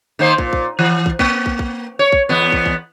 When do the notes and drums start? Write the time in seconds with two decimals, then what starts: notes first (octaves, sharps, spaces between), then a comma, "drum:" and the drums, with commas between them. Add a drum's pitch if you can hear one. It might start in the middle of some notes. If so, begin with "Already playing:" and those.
0.19 D#3 A#3 C5
0.38 A#2, drum: kick
0.53 drum: kick
0.79 E3
1.06 drum: kick
1.19 A#3, drum: kick
1.46 drum: kick
1.59 drum: kick
1.99 C#5
2.12 drum: kick
2.29 E2 B3
2.52 drum: kick
2.66 drum: kick